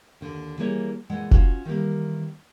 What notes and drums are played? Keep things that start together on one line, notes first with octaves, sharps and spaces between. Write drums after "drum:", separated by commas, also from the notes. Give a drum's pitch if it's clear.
D#2 D3
E3 G3 A#3 G#4 C#5
A#2 E3 G#3 F#5
C#4 F4 F#4, drum: kick F1
D#3 E3 G3 A#3